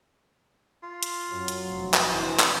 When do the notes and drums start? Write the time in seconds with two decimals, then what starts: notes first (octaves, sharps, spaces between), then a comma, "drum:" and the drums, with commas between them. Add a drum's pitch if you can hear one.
0.83 F4
1.03 drum: hi-hat
1.29 F#2 F#3
1.48 drum: hi-hat
1.71 F1
1.94 drum: clap
2.11 F1 E3 D4 C5
2.40 drum: clap